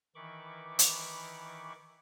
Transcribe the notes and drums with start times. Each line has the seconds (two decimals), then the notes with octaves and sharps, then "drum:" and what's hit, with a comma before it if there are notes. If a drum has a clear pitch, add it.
0.15 D#3 E3 B5 C#6 D6
0.79 drum: hi-hat